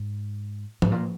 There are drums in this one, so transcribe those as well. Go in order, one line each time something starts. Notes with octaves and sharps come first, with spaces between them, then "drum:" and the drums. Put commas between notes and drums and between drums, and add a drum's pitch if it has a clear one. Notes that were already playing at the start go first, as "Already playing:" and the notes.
Already playing: G#2
G#2, drum: tom F3
A#2